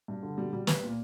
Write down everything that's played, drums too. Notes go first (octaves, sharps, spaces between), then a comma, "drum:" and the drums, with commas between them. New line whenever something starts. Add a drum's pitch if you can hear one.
G2
D3
G3
G3
B4, drum: snare
A#2